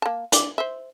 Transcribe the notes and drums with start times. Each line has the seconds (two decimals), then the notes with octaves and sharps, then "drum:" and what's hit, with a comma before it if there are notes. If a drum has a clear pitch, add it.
0.02 A#3 A5
0.32 D4 D5, drum: hi-hat
0.58 C5 E5